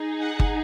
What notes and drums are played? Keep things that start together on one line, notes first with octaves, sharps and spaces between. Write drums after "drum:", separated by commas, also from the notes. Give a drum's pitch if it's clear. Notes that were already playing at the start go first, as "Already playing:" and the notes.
Already playing: D#4 G#4
F#5
drum: kick G1